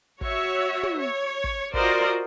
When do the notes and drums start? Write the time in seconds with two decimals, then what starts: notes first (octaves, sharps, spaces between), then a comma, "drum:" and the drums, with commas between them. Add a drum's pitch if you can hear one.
0.21 F#4 C#5 E5, drum: kick
0.83 drum: tom
0.99 C#5
1.44 drum: kick
1.74 F4 F#4 A#4 C5 D5 D#5, drum: kick